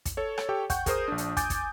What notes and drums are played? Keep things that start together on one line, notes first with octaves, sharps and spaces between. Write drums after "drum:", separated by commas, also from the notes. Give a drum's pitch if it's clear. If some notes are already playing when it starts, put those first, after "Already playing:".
drum: kick, hi-hat
A4 C#5
drum: rim click
G4 A4 C#5 G5
F#5 G5 C#6 G6, drum: kick, hi-hat
G#4 A#4 C5 D#6, drum: kick, hi-hat
A#1 D4
drum: hi-hat
G#5 D6 G6 A6, drum: kick, hi-hat
drum: kick, hi-hat